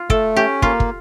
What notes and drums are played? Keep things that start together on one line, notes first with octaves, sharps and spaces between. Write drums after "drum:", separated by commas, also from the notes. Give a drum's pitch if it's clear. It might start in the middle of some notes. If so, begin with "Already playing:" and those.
Already playing: F4
A3 A4, drum: kick
C#4 G4
A#3 F4, drum: kick
drum: kick